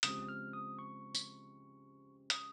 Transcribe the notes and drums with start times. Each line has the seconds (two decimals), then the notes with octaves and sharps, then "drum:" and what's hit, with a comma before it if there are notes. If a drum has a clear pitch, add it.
0.03 C#3 F3 G#3 C4 G4 D#6, drum: hi-hat
0.29 F6
0.53 D#6
0.79 C#6
1.15 drum: tambourine
2.30 D#6, drum: hi-hat